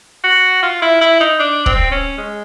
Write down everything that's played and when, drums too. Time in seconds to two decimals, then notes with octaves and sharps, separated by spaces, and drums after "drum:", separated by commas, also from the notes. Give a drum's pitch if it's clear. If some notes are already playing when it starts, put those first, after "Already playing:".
0.24 F#4
0.62 F4
0.82 E4
1.01 E4
1.20 D#4
1.39 D4
1.66 C4, drum: kick
1.91 C#4
2.18 G#3